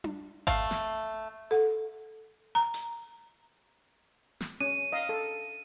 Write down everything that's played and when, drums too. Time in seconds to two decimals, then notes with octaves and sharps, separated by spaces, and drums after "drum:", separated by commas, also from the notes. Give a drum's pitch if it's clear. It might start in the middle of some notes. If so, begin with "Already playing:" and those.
0.04 drum: tom D4
0.47 A3 F5, drum: kick G#1
0.71 drum: snare
1.51 A4 F#5
2.55 A#5
2.74 drum: hi-hat
4.41 drum: snare
4.61 C#4 D#7
4.92 D#5 F5
5.09 A4